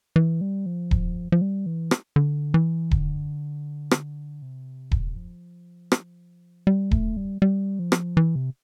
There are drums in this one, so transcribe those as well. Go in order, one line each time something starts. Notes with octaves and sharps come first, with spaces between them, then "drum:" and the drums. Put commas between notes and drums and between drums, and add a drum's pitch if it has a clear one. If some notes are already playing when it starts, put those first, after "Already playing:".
E3
G3
F3
drum: kick D#1
F3
G3
E3
drum: rim click
D3
E3
D3, drum: kick D#1
drum: rim click
C3
drum: kick D#1
F3
drum: rim click
G3
A3, drum: kick D#1
G3
G3
F3
drum: rim click
E3
C3